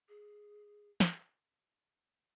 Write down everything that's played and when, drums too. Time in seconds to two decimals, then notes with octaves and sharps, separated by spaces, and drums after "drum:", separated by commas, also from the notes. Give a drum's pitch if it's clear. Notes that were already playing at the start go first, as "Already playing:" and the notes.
0.08 G#4
1.00 drum: snare